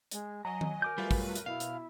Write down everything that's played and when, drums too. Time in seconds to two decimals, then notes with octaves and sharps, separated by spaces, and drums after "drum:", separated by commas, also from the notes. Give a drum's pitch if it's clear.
0.11 G#3, drum: hi-hat
0.45 F#3 D#5 G#5 A#5
0.61 drum: tom D#3
0.82 A#4 D6 G6
0.98 F#3 G3 A3 F4 B4
1.11 drum: kick, open hi-hat
1.35 drum: hi-hat
1.46 B2 E4 F5
1.60 drum: hi-hat